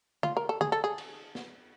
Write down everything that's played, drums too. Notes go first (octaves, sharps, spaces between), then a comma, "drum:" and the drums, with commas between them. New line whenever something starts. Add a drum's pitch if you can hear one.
F4, drum: tom D3
A#4
A4
G#4, drum: tom D3
A4
G#4
drum: cymbal
drum: snare